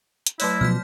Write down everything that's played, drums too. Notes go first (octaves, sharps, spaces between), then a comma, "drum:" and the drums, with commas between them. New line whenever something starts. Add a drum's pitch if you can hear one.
drum: hi-hat
F#3 A3 E4 C#5, drum: open hi-hat
B2 F3 F#3 F6 G6 B6